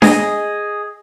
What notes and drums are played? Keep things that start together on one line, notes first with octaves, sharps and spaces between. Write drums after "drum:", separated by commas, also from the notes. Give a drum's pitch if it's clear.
G#4 D#5, drum: snare D4